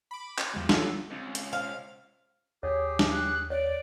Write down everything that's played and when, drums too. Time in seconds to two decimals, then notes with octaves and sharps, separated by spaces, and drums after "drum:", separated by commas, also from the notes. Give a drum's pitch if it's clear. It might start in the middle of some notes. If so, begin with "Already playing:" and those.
0.11 B5 D6
0.38 drum: clap
0.54 E2 F3 G3 G#3
0.69 F4 A4 F5 F#5, drum: snare
1.11 C#2 C4
1.35 drum: hi-hat
1.53 C5 F5
2.63 D#2 G4 G#4 C#5
2.99 drum: snare
3.11 F#6
3.50 C#5 D5